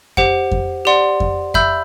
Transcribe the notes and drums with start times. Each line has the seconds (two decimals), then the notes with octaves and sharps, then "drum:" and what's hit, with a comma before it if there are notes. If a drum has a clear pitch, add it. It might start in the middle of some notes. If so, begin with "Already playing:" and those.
0.17 G4 C5 F#5, drum: kick F2
0.51 drum: kick F2
0.85 G4 D5 F#5 C6
1.20 drum: kick F2
1.54 E5 B5 E6 G6, drum: kick F2